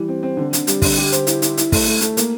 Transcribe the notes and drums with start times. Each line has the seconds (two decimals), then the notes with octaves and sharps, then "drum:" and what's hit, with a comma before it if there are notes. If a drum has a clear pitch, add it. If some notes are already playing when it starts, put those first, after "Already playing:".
Already playing: E3 G3
0.08 C4
0.23 C4
0.37 D3
0.53 D3, drum: hi-hat
0.67 G3, drum: hi-hat
0.82 D3, drum: kick, open hi-hat
0.97 G4
1.12 C5, drum: hi-hat
1.27 E4, drum: hi-hat
1.42 E4, drum: hi-hat
1.57 E4, drum: hi-hat
1.72 A3, drum: kick, open hi-hat
1.87 A3
2.01 A3, drum: hi-hat
2.17 A#3, drum: hi-hat